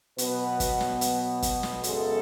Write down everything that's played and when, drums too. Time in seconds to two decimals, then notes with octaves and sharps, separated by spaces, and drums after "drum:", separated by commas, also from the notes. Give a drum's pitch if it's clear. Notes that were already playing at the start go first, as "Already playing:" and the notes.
0.18 B2 F#3 B3 B4, drum: hi-hat
0.60 drum: kick, hi-hat
0.81 drum: snare
1.01 drum: hi-hat
1.42 drum: kick, hi-hat
1.63 drum: snare
1.83 F#2 C#3 G#3 B3 A4, drum: hi-hat